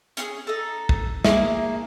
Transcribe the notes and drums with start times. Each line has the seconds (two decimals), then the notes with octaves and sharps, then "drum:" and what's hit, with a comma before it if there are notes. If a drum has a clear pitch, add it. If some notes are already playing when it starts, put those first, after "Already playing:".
0.17 C#4 F#4 G#4, drum: hi-hat
0.47 D#4 A4
0.89 drum: kick
1.25 A#3 G#4 E5, drum: snare